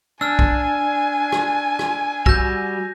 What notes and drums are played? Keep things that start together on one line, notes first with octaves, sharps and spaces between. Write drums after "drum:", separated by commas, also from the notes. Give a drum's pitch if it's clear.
D4 G#5 E6 F6
drum: kick
drum: rim click
drum: rim click
G3 F#4 E6 G6 A#6, drum: kick